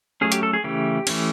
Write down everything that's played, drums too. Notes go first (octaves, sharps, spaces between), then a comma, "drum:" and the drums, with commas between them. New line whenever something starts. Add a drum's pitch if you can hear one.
F#3 A3 C#4 G#4
G4, drum: hi-hat
A4
G#4
C#3 E3 A3 C#4 G4
E3 A3 C#4, drum: cymbal